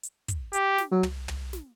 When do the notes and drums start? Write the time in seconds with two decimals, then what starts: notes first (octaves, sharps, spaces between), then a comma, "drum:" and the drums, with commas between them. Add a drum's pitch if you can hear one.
0.03 drum: hi-hat
0.28 drum: kick, hi-hat
0.53 G4, drum: hi-hat
0.78 drum: snare
0.92 F#3
1.03 drum: tom
1.28 drum: tom
1.53 drum: snare